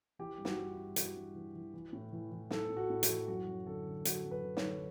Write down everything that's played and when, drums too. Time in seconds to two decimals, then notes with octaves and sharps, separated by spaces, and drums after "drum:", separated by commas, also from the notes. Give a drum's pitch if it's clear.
0.19 E3 G4
0.38 G2
0.45 F#4, drum: snare
0.58 G2
0.71 E4
0.77 G2
0.96 E3 F#4, drum: hi-hat
1.16 G2
1.35 E3
1.55 E3
1.74 E3
1.93 A2
2.12 E3
2.31 E3
2.51 E3 A4, drum: snare
2.70 A2
2.77 F#4
2.90 A2
3.03 F#4, drum: hi-hat
3.09 E3
3.28 F#2 F#4
3.48 F#2
3.66 D3 A4
3.86 D3
4.05 F#2 F#4, drum: hi-hat
4.25 F#2
4.31 B4
4.44 D3
4.57 C#5, drum: snare
4.63 D3